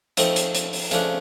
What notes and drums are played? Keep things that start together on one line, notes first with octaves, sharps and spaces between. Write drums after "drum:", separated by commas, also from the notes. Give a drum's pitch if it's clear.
F3 A3 C4 D#4, drum: hi-hat
drum: hi-hat
drum: hi-hat
drum: open hi-hat
C#3 F3 A3 D4, drum: hi-hat